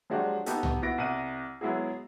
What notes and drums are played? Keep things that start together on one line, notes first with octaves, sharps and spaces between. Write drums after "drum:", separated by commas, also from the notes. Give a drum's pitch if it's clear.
F3 F#3 G#3 D4 F#4 G4
B3 D#4 F#4 G4 A4, drum: hi-hat
drum: tom C2
B3 E4 F#4 A#6 D7
C2 F#5 D#7
F#3 G#3 B3 E4 F#4 G#4